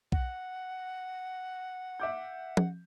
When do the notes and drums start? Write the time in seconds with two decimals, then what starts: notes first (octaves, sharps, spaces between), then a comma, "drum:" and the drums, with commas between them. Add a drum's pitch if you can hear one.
0.12 F#5, drum: kick B1
2.00 E5 D6 G6
2.57 drum: tom